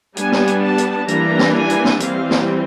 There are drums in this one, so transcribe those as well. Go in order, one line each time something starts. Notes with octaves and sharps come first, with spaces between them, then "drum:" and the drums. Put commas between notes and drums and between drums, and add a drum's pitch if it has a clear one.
G3 B3 D4 G#5, drum: hi-hat
drum: snare
drum: hi-hat
A5
drum: hi-hat
E3 G3 A#3 D4 A#5, drum: hi-hat
drum: snare
G#5
drum: hi-hat
drum: snare
E3 G3 C4 F5, drum: hi-hat
drum: snare